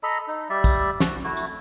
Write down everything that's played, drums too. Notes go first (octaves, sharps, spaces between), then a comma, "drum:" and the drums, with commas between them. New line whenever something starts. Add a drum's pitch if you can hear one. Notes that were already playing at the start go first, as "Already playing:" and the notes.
A4 D#5 A#5 B5
D#4
G3 D5 E5
drum: kick, tambourine
F#4, drum: snare
A3 E4 F#4
drum: tambourine